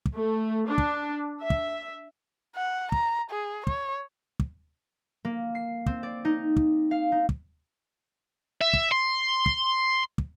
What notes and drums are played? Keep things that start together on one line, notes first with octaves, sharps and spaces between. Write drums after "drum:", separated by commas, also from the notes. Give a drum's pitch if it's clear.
drum: kick
A3
D4
drum: kick
E5
drum: kick
F#5
A#5, drum: kick
G#4
C#5, drum: kick
drum: kick
A#3
C7
C4, drum: kick
D5
D#4
drum: kick
F5
D#4
drum: kick
E5
drum: kick
C6
drum: kick
drum: kick